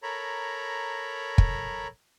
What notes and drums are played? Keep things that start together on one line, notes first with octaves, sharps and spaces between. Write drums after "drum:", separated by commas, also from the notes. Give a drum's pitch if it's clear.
A4 A#4 C#5 A#5 B5
drum: kick